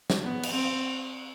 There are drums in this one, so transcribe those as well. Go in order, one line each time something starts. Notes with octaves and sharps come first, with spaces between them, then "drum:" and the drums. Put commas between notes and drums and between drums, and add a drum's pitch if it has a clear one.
drum: snare
B3
drum: cymbal
C4